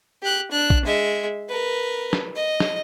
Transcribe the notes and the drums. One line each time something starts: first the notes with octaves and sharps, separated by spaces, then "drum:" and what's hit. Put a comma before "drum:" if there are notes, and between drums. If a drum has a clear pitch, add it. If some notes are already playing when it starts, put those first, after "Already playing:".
G4 F#6
D4 F#6
drum: kick A#1
G#3 E5
A#4 B4
drum: snare
D#5
drum: snare